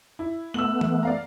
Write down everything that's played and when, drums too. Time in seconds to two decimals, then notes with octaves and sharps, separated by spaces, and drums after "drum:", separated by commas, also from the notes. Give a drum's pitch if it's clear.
0.19 E4
0.54 A3 B3 E6 F#7
0.81 drum: tom E3
1.03 D5 F5 A#5